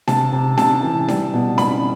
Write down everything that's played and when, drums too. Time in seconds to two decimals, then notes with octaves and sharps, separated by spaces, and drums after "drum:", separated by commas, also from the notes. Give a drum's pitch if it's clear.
0.08 C3 A5, drum: snare D4
0.32 C3
0.58 C3 A5, drum: snare D4
0.83 E3
1.08 G3, drum: snare D4
1.34 B2
1.58 B2 B5, drum: snare D4